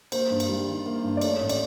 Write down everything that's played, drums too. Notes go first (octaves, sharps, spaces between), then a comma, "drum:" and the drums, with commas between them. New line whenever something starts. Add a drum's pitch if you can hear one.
A#3 C5, drum: cymbal
G2
drum: cymbal
G3
D#3
A#3
G2
D5
A3 C#5, drum: cymbal
A1
D5, drum: cymbal